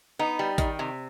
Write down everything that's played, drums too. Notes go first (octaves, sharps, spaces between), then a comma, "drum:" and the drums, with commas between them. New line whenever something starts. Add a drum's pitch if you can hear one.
B3 D#4
G3
D#3, drum: kick A1, hi-hat
C3